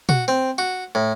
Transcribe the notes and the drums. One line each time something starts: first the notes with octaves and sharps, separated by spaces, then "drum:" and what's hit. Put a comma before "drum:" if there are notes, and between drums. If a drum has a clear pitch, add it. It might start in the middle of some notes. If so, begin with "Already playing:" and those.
F#4, drum: tom
C4
F#4
A2